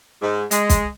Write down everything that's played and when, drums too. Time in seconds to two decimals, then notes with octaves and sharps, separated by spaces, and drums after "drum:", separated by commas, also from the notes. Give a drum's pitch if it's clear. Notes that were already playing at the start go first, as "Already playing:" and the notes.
0.22 G#2
0.51 G#3, drum: hi-hat
0.69 drum: kick, hi-hat